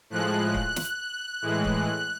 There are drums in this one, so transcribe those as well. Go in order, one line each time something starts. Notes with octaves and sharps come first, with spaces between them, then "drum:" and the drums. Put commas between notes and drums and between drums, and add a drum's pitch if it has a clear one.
A2 F3 G#3 F#6
drum: kick
drum: snare
A2 E3 G#3
drum: kick